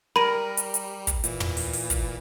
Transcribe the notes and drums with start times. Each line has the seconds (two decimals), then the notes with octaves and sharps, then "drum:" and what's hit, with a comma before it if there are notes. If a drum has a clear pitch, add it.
0.16 G3 A#4 B5 D#7
0.57 drum: hi-hat
0.74 drum: hi-hat
1.07 drum: kick, hi-hat
1.24 A#2 E3, drum: hi-hat
1.40 drum: tom
1.57 drum: open hi-hat
1.73 drum: open hi-hat
1.90 drum: kick, hi-hat